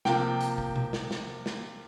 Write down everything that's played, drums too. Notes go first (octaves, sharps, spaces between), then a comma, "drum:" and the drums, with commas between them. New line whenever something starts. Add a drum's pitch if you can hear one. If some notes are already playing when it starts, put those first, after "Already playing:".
C3 F3 A#3 G5, drum: snare
drum: hi-hat
drum: kick
drum: tom B2
drum: snare
drum: snare
drum: snare